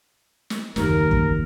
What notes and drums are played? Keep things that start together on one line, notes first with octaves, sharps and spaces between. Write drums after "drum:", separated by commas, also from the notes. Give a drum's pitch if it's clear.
drum: snare
F#1 D#2 A#4, drum: snare
drum: kick